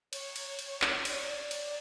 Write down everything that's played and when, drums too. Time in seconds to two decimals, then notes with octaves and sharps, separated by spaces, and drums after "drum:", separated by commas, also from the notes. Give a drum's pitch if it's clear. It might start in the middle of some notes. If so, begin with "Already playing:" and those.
0.13 C#5, drum: cymbal
0.36 drum: cymbal
0.59 drum: cymbal
0.82 drum: clap
1.05 D5, drum: cymbal
1.14 C#5
1.24 D5
1.51 drum: cymbal